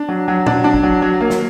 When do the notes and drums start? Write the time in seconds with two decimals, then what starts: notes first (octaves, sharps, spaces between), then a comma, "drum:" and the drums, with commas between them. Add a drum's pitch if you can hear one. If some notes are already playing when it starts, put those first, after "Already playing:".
Already playing: D4
0.09 F#3
0.28 F#3
0.46 D4, drum: tom
0.64 D4
0.74 drum: kick
0.83 F#3
1.02 F#3
1.21 A#3
1.30 drum: snare